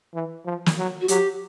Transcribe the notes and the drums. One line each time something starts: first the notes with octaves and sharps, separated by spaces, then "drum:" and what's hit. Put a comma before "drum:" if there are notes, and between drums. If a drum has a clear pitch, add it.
E3
F3
drum: snare
F#3
F#4
F#3 G4, drum: hi-hat